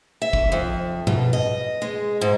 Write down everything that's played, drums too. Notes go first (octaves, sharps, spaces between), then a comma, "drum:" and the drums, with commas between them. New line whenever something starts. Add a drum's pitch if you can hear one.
E5
drum: kick
F2
B2, drum: tom G#2
D#5
G#3
G#2